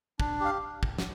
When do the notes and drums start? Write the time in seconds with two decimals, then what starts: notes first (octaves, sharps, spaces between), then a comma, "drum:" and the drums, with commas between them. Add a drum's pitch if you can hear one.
0.20 D4, drum: kick
0.40 G4 F5
0.83 drum: kick
0.98 drum: snare